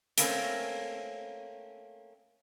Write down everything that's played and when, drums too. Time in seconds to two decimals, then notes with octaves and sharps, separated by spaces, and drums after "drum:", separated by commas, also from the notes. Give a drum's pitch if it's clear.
0.18 A3 A#3 C4 C#4, drum: hi-hat